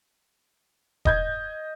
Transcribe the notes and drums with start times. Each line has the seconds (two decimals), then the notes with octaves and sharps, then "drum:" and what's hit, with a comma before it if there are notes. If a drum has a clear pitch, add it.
1.05 D#5 G6 G#6, drum: kick E1